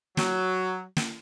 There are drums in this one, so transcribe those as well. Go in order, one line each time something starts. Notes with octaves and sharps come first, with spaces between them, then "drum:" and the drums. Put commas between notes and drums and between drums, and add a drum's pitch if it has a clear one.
F#3, drum: snare
drum: snare